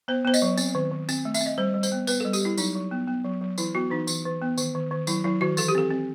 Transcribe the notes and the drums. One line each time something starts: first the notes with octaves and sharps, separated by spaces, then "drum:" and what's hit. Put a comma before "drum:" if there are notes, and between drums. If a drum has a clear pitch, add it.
B3 C5
B3 C5
D#5, drum: tambourine
F#3
C4, drum: tambourine
D#3
D#3
C4, drum: tambourine
A3
E5, drum: tambourine
C4
D#5
G3 C5
G3
C5, drum: tambourine
B3
B3 B4, drum: tambourine
A4
G3
G4, drum: tambourine
G3 E4
F#3 D#4, drum: tambourine
F#3
B3
B3
F#3
F#3
E3 E4, drum: tambourine
B3 F#4
E3 D#4
E3, drum: tambourine
E3
B3
D#3, drum: tambourine
D#3
D#3
F#3 E4, drum: tambourine
F#3 E4
D#3 F#4
E3 A4, drum: tambourine
G4
C4 A4
C4